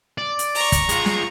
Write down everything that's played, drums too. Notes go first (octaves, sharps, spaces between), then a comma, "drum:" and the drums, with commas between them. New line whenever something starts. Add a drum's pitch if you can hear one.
D5
drum: hi-hat
A#5 C#6, drum: open hi-hat
drum: kick, hi-hat
G#3 F4, drum: hi-hat
drum: snare